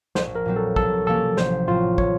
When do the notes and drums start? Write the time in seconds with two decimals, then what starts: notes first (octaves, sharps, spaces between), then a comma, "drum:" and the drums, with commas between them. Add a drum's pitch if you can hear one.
0.15 A#1 C5, drum: snare
0.35 A#4
0.45 A#2 F#3 C4
0.56 A4
0.76 C2 A4, drum: kick
1.06 C3 F3 A#3 C#4 A4
1.37 A1 C5, drum: snare
1.67 A2 F#3 C4 F4
1.98 C#5, drum: kick